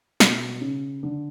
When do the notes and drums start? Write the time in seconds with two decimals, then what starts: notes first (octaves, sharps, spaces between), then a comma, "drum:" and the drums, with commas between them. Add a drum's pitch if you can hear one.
0.20 B2, drum: snare
0.61 C#3
1.03 D3